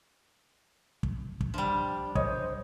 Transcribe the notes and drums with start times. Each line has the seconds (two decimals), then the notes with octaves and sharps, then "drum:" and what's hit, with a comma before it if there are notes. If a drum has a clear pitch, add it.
1.03 drum: kick
1.41 drum: kick
1.54 F3 G3 D4
2.15 C5 C#5 D#5, drum: kick